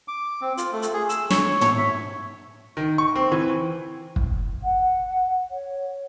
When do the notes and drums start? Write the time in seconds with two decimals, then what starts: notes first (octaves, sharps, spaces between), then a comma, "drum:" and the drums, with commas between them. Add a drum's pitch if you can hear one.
0.08 D6
0.42 C4
0.57 F4, drum: hi-hat
0.72 A3
0.82 drum: hi-hat
0.94 G#4
1.09 E6, drum: hi-hat
1.30 C#5, drum: snare
1.61 C#5, drum: tom
1.78 E5
2.77 D#3
2.98 C#6
3.15 C4
3.32 E3
4.16 drum: kick
4.64 F#5
5.51 C#5